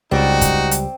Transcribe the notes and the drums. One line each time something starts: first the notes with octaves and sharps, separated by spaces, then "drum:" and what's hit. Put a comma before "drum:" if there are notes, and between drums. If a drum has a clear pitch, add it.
C#2 G3 C4 D#4 F#4 D5
drum: kick, hi-hat
drum: hi-hat